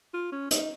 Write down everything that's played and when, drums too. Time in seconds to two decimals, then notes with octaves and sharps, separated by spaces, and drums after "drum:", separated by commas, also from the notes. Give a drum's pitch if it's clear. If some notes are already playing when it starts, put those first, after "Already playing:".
0.14 F4
0.32 C#4
0.51 D#4, drum: hi-hat